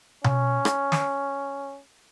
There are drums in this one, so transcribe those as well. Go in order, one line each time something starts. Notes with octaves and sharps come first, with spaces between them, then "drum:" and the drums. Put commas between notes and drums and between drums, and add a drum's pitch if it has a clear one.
C#4, drum: tom B2
drum: rim click
drum: snare